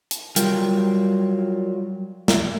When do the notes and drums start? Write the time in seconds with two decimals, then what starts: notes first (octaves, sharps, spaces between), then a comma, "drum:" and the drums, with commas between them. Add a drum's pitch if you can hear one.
0.11 drum: hi-hat
0.36 F#3 G3 F4 A#4 F5 G5, drum: hi-hat
2.28 drum: snare